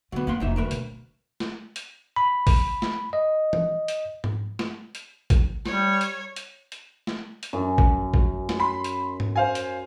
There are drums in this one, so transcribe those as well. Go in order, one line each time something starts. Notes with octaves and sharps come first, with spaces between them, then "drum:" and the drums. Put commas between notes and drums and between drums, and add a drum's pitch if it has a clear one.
D3 F#3 B3
E2 A#3 F#5 C6
F1 F#3 A#3 D#4 E5
D2 A#4 B4
B2 F#3, drum: hi-hat
drum: snare
drum: hi-hat
B5
drum: kick A1, open hi-hat
drum: snare
D#5
drum: tom E3
drum: hi-hat
drum: tom G#2
drum: snare
drum: hi-hat
drum: kick A1, hi-hat
G3 C#5, drum: snare
drum: hi-hat
drum: hi-hat
drum: hi-hat
drum: snare
drum: hi-hat
F#2
drum: kick A1
drum: kick A1
drum: snare
B5 C6
drum: hi-hat
drum: tom G#2
C5 F5 G#5
drum: hi-hat